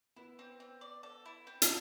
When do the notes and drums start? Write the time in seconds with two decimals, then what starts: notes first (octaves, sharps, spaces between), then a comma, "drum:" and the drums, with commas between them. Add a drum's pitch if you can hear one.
0.16 B3 E4
0.39 C4
0.60 C4
0.81 D5
1.03 A4
1.26 E4
1.47 C4
1.62 drum: hi-hat